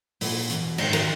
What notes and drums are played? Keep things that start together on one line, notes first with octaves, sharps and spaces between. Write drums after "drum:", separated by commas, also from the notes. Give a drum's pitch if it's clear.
A#2 E4, drum: open hi-hat
E2 B2, drum: hi-hat
G#2 D#3 D#4, drum: cymbal
A#4, drum: cymbal